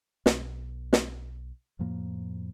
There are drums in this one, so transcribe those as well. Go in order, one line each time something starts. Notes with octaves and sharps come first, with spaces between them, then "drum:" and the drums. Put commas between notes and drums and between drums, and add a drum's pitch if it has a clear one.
B1, drum: snare
drum: snare
F2 A2 F3 A#3